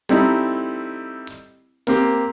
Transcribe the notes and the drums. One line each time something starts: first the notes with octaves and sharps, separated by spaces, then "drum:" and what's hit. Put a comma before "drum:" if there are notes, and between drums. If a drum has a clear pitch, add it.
G3 A3 C4 D#4 E4, drum: hi-hat
drum: hi-hat
A#3 C4 G4, drum: open hi-hat